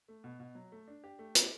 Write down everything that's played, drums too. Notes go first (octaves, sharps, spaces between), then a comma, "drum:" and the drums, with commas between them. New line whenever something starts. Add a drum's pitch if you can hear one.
A3
B2
B2
F#3
A3
D4
G4
A3
B4, drum: hi-hat